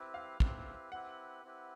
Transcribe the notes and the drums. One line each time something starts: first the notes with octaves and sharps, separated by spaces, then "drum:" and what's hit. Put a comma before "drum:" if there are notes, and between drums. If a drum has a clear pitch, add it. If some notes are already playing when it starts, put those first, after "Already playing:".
Already playing: C4 E4 G4 B4
F5
C4 E4 G4 B4, drum: kick
C4 E4 G4 B4 F#5
C4 E4 G4 B4